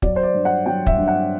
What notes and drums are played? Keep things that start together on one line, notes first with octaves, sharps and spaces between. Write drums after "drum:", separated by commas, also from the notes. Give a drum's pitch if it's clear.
F#3 D5, drum: kick
C5
D5
G2
F#5
F#3 G5
E5, drum: kick
G2
F#5